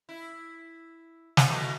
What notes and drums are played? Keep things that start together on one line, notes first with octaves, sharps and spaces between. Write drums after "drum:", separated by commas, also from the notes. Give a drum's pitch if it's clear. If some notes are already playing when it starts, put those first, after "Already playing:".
E4
drum: snare
B2 E3 A3